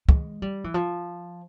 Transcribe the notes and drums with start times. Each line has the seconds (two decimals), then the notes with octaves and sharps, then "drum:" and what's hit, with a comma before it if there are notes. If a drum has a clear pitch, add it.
0.09 G#3, drum: kick
0.42 G3
0.64 E3
0.74 F3